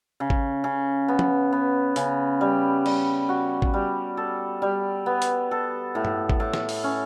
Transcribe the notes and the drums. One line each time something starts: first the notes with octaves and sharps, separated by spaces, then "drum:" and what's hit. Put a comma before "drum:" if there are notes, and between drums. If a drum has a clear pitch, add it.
C#3
drum: kick G#1
C#3
B3
drum: tom
B3
C#3, drum: hi-hat
G3
G3, drum: cymbal
F#4
drum: kick G#1
G3
A4
G3
B3
drum: hi-hat
A4
A2
drum: tom G2
drum: kick G#1
A2
drum: snare
drum: open hi-hat
C#4